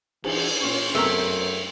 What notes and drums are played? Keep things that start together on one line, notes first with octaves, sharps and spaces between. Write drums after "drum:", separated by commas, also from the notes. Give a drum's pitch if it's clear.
E3, drum: cymbal
A#2 C#4 C#6
F#2 A3 B3 C4 A#4 C5